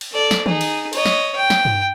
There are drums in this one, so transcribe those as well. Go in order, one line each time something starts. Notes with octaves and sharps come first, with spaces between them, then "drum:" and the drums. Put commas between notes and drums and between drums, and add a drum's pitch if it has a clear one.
drum: cymbal
A4 D5
drum: snare
D#4 G#4, drum: tom D#3
drum: cymbal
C#5 D#5, drum: cymbal
drum: snare
G5
drum: snare
drum: tom G2